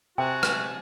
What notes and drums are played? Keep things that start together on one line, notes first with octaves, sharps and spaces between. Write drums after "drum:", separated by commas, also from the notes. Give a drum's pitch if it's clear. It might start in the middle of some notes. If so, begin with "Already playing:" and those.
C3 F#4 G#4 G5 A5
drum: rim click